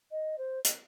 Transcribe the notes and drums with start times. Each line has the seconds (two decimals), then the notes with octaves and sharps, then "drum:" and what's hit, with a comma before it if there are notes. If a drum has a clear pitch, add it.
0.11 D#5
0.38 C5
0.65 drum: hi-hat